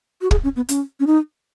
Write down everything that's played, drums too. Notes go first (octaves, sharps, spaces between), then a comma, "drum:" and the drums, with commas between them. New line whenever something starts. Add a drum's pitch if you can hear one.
F#4
G#4, drum: kick
C#4
B3
C#4, drum: hi-hat
C#4
D#4